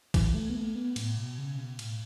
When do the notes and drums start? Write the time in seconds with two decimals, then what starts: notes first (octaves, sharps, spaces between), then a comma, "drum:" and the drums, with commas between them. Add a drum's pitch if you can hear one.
0.14 E3, drum: kick, cymbal
0.35 A3
0.50 B3
0.56 A3
0.76 B3
0.96 A2, drum: cymbal
1.17 B2
1.38 C#3
1.58 B2
1.79 A2, drum: cymbal